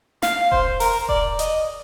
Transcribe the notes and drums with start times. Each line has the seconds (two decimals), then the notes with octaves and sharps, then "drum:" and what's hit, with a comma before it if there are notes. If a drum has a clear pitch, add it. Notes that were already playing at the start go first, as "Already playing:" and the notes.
0.22 F5, drum: snare
0.52 C5, drum: kick E1
0.80 A#4, drum: open hi-hat
1.09 D5, drum: kick E1
1.39 D#5, drum: hi-hat